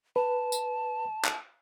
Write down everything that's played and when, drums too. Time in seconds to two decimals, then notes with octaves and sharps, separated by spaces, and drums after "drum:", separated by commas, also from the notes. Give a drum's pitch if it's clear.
0.16 B4 A5
0.52 drum: tambourine
1.25 drum: clap